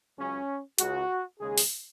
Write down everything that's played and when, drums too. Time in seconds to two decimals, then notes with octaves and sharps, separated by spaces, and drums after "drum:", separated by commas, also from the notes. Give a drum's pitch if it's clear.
0.18 C#2 C#3 F#3 C#4
0.78 C#2 C#3 G#3 F#4, drum: hi-hat
1.39 D#2 C#3 G#3 G#4
1.58 drum: open hi-hat